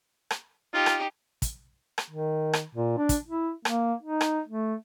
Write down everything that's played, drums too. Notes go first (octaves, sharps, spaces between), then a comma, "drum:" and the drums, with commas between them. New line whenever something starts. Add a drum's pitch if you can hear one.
drum: rim click
D#4 F4 G4
drum: rim click
drum: kick, hi-hat
drum: rim click
D#3
drum: rim click
A#2
D4
drum: kick, hi-hat
E4
A#3, drum: rim click
D#4
drum: rim click
A3